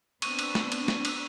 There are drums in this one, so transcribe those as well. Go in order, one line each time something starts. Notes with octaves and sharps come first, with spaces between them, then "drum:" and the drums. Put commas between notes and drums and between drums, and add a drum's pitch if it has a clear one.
B3 C4 D4 C#6 D#7, drum: cymbal
drum: cymbal
drum: snare A3
drum: cymbal
drum: snare A3
drum: cymbal